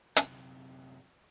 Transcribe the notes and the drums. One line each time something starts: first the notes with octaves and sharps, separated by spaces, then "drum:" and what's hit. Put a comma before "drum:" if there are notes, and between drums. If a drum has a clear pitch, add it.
F#2 C3, drum: hi-hat